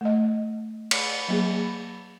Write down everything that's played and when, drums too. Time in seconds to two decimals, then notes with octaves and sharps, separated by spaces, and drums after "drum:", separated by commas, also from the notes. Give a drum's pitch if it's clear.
0.01 A3 D#5
0.91 drum: cymbal
1.28 F#3 A#3 G#4